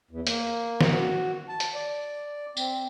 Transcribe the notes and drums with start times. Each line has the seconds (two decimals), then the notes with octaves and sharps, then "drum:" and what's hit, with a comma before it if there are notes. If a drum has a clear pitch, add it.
0.11 E2
0.27 A#3, drum: hi-hat
0.81 drum: snare
0.92 F#4
1.49 A5
1.60 drum: hi-hat
1.74 D5
2.57 C4, drum: tambourine